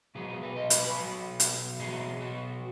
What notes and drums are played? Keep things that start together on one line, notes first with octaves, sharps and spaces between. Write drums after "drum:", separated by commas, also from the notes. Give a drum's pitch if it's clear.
B2 F#3 G#4
G#4
B4
D#5
B4, drum: hi-hat
B4
B2 F#3
drum: hi-hat
B2 F#3 G#4
F#4